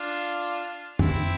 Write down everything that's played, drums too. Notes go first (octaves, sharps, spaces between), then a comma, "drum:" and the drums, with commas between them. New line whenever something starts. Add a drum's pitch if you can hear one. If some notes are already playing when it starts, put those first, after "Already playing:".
Already playing: D4 F4
C4 E4, drum: tom